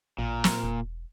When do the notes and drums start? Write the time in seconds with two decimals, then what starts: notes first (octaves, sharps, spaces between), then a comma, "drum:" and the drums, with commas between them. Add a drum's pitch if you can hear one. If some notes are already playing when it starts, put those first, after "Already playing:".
0.19 A1 A#2
0.44 drum: snare
0.64 E1